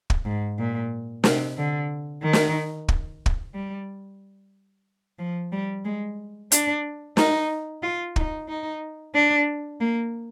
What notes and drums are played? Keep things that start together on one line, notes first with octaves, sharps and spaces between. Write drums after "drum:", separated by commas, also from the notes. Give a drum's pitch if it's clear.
drum: kick
G#2
A#2
C3, drum: snare
D3
D#3
drum: snare
drum: kick
drum: kick
G3
F3
G3
G#3
D4, drum: hi-hat
D#4, drum: snare
F4
D#4, drum: kick
D#4
D4
A#3